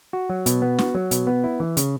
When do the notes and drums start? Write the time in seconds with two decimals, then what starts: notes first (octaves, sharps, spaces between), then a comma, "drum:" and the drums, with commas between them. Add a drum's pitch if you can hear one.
0.13 F#4
0.30 F#3
0.46 B2, drum: hi-hat
0.62 B3
0.79 F#4, drum: snare
0.95 F#3
1.11 B2, drum: hi-hat
1.27 B3
1.44 E4
1.60 E3
1.77 C#3, drum: hi-hat